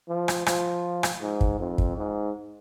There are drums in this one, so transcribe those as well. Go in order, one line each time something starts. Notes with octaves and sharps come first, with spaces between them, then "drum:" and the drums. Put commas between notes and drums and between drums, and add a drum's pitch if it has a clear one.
F3
drum: rim click
F3, drum: rim click
drum: rim click
G#2
drum: kick
F2
drum: kick
G#2